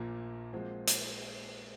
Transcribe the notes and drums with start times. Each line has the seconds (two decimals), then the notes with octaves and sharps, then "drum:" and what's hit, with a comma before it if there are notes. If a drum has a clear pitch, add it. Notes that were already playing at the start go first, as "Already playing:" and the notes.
Already playing: A#1 A#2 F3 A#3
0.53 A#2 F3 G#3 C4 F#4
0.88 drum: hi-hat